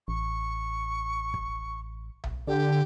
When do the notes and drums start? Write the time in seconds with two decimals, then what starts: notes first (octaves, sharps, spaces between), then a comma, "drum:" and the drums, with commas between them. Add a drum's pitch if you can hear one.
0.08 A1 C#6
1.34 drum: kick
2.24 drum: tom B1
2.47 D3 G4